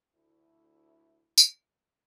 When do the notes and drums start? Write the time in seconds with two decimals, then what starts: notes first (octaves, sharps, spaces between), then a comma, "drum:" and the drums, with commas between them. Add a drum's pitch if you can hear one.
0.14 D2 E4
1.38 drum: tambourine